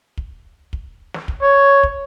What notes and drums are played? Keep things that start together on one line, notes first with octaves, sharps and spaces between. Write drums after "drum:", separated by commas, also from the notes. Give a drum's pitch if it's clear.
drum: kick
drum: kick
drum: snare
drum: kick
C#5
drum: kick